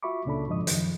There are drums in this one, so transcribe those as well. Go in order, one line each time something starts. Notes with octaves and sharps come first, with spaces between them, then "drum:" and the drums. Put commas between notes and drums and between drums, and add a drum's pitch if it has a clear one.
F4 F#4 E5 B5 C#6 D6
C#2 A#2 C#3 D4 A4 B5
F2 G#2 F3 G#3 D#5 D#6
F#2 D#3 F3, drum: hi-hat